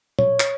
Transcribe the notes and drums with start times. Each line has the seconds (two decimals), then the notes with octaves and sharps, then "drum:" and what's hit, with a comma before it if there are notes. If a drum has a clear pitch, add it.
0.19 C#5, drum: tom A#2
0.40 drum: clap